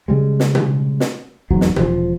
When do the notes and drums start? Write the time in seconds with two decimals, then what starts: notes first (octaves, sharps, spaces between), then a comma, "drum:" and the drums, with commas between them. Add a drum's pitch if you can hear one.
0.08 C#3 G3 G#3
0.40 drum: snare
0.55 drum: tom B2
1.00 drum: snare
1.50 D#1 E2 G#2 F#3
1.61 drum: snare
1.76 E1 F3, drum: tom B2